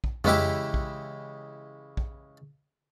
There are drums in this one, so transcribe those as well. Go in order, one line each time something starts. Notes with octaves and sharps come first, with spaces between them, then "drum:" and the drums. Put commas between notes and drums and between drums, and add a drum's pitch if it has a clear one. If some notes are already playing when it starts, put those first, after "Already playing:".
drum: kick A#1
C#3 E3 G#3 E4 G4 D6, drum: tom F2
drum: kick A#1
drum: kick A#1